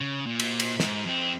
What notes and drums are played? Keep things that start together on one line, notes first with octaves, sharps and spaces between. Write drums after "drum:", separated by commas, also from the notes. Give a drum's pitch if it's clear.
C#3
A#2
drum: cymbal
drum: cymbal
G#2, drum: snare
F2 C4